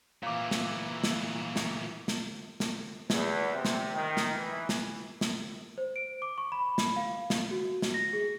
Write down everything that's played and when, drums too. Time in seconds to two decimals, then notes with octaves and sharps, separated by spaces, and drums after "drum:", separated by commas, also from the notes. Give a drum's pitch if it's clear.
0.23 A#2 E3 F5 D6
0.51 drum: snare
1.04 drum: snare
1.56 drum: snare
2.08 drum: snare
2.60 drum: snare
3.10 E2, drum: snare
3.53 C3
3.65 drum: snare
3.93 D#3
4.17 drum: snare
4.36 E3
4.69 drum: snare
5.21 drum: snare
5.78 C5
5.96 D7
6.22 D6
6.38 C#6
6.52 B5
6.78 drum: snare
6.96 F5
7.30 drum: snare
7.51 F#4
7.82 drum: snare
7.94 A#6
8.13 G#4